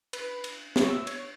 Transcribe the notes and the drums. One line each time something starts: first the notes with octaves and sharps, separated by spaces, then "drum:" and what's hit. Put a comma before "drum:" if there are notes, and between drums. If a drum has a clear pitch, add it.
B4, drum: cymbal
drum: cymbal
C#5, drum: snare
E5
C#5, drum: cymbal